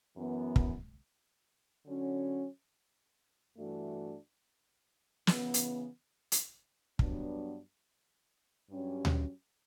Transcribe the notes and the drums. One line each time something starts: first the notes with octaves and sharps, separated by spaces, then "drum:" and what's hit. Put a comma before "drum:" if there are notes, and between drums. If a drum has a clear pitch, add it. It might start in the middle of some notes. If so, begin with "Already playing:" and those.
F#2 E3 B3
drum: kick
D3 F#3 C#4 F#4
G2 E3 A3 D4 F#4
C#3 E3 B3, drum: snare
drum: hi-hat
drum: hi-hat
G2 F#3 B3 D4, drum: kick
G2 F#3 C#4 G4
drum: tom D2